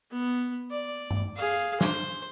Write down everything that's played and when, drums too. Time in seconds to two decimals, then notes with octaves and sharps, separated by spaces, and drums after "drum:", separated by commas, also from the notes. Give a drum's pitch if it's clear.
0.11 B3
0.70 D5
1.11 drum: tom G2
1.37 G#4 F5, drum: open hi-hat
1.81 C5, drum: snare